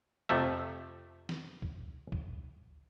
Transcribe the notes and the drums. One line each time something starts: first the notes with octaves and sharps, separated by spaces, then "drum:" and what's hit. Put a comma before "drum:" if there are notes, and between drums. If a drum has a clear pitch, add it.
F2 C3 F3 A3 E5
drum: snare
drum: kick
drum: kick